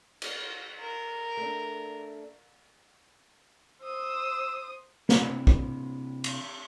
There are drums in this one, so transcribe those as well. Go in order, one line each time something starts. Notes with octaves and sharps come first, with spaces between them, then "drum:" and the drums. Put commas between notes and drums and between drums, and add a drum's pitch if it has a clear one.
drum: cymbal
A#4
A3 D4
C5 D#6 E6
C3 E3, drum: snare
drum: kick
drum: cymbal